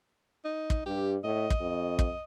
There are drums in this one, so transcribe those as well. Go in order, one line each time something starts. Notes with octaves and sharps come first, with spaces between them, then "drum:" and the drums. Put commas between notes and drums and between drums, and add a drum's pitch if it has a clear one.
D#4
drum: kick
G2 G4
A2 D#5
drum: kick
F2
drum: kick